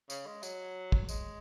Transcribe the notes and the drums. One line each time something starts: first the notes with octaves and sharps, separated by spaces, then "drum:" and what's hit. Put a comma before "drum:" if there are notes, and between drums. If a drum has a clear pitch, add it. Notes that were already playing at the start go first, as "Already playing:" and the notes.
C#3, drum: tambourine
G#3
F#3, drum: tambourine
drum: kick
G#3, drum: tambourine